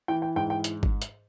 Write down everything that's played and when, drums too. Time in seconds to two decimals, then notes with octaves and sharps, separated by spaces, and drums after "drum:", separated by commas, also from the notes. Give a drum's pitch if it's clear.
0.08 E3 G5
0.22 G5
0.36 G#2 G5
0.50 G5
0.64 drum: hi-hat
0.83 drum: kick G#1
1.02 drum: hi-hat